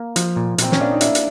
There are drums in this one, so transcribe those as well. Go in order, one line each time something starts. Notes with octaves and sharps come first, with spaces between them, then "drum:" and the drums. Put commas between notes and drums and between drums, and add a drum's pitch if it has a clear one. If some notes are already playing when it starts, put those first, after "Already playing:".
Already playing: A#3
F3, drum: hi-hat
A#2
A#2 C4, drum: hi-hat
C#4, drum: snare
A#3 D4
D#4
A#3 D4 E4, drum: hi-hat
drum: hi-hat